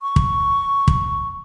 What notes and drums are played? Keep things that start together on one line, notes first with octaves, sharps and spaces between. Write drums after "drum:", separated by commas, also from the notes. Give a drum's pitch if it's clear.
C#6
drum: kick
drum: kick